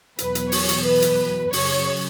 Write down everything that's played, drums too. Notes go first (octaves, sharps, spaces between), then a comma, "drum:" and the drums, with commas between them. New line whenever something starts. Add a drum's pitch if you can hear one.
E2 B2 F#3 B4, drum: hi-hat
drum: hi-hat
C#5, drum: open hi-hat
drum: hi-hat
B4
drum: hi-hat
F#2 C#3 F#3 C#5, drum: open hi-hat